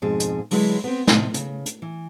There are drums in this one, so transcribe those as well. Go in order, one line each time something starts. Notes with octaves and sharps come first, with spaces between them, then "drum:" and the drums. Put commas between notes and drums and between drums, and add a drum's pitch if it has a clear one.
F2 G#2 B2 G#4
drum: hi-hat
D3 F#3 G#3 E4 B4, drum: open hi-hat
B3 C4
A2 C3 D#4, drum: snare
C#3, drum: hi-hat
drum: hi-hat
E3